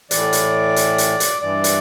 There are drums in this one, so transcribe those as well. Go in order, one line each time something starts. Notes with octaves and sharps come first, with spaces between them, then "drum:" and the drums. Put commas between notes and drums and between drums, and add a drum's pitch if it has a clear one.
A2 E3 D5, drum: hi-hat
drum: hi-hat
drum: hi-hat
drum: hi-hat
drum: hi-hat
G2 E3 D5
drum: hi-hat